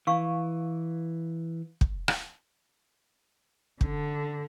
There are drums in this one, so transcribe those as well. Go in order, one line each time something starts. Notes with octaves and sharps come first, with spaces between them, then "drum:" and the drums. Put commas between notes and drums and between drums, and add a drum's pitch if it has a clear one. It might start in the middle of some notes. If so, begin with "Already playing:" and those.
E3 F5 C#6
drum: kick
drum: rim click
D3, drum: kick